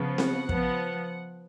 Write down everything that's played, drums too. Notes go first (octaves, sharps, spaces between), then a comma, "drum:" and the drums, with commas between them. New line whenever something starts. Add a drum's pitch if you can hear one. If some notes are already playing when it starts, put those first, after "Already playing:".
Already playing: C#3 F3 B3
F#5, drum: snare C4
F3 B3, drum: kick